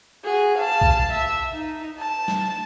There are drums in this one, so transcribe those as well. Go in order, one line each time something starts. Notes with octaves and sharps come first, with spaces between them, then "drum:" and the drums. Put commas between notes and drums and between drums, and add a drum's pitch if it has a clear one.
F#4 G#4
F5 A5
drum: kick B1
E5
D#4
A5
drum: snare